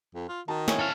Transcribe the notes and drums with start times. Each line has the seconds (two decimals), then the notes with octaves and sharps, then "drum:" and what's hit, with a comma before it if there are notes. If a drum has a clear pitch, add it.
0.15 F2
0.29 F4
0.48 D#3 F#4 A5 A#5
0.68 C#4 E4, drum: snare
0.79 A4 F5